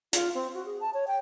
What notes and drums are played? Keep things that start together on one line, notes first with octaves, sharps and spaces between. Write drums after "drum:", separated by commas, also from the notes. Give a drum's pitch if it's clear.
F4, drum: hi-hat
C4
F#4
G#4
A5
C#5
G5